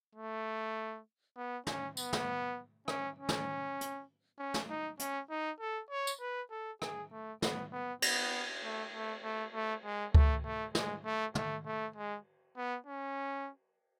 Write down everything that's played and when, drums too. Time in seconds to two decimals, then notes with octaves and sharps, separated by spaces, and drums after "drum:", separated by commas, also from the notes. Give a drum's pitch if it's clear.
0.15 A3
1.36 B3
1.67 C#4, drum: snare
1.97 B3, drum: tambourine
2.13 drum: snare
2.88 C#4, drum: rim click
3.19 C#4
3.29 drum: snare
3.81 drum: hi-hat
4.39 C#4
4.54 drum: snare
4.70 D#4
4.99 C#4, drum: hi-hat
5.30 D#4
5.61 A4
5.91 C#5
6.07 drum: tambourine
6.21 B4
6.50 A4
6.82 G#4, drum: rim click
7.12 A3
7.42 B3, drum: snare
7.72 B3
8.02 B3, drum: cymbal
8.63 A3
8.93 A3
9.23 A3
9.54 A3
9.85 G#3
10.15 A3, drum: kick C#2
10.45 A3
10.75 G#3, drum: snare
11.05 A3
11.35 A3, drum: tom
11.66 A3
11.96 G#3
12.57 B3
12.87 C#4